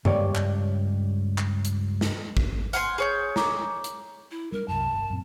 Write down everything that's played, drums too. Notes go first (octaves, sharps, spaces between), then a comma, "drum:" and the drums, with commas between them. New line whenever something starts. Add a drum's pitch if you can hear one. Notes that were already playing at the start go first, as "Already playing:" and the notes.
C#2 G2 G4 C#5 D5, drum: tom F#2
drum: clap
drum: clap
drum: hi-hat
drum: snare
drum: kick
F#5 G#5 C6 F6, drum: tambourine
G#4 C#5 G6
A#5 D6, drum: snare
drum: hi-hat
E4
G3 A#3 D4 A#4
C2 F#2 A5
G1
F#2 A#2 C4